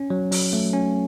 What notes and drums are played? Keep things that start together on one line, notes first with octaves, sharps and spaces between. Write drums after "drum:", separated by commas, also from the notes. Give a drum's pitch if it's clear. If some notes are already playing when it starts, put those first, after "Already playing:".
Already playing: C#4
F#3
F#3, drum: open hi-hat
A3
C#4